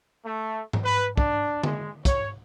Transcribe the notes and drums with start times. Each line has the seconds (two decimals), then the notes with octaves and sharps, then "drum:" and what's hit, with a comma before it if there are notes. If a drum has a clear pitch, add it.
0.24 A3
0.73 drum: tom G#2
0.83 B4
1.18 D4, drum: kick
1.63 G#3, drum: tom D3
2.05 C#5, drum: kick, hi-hat